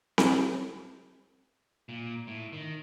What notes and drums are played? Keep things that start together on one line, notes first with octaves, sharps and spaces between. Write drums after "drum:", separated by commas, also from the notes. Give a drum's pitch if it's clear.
drum: snare C4
A#2
A2
D#3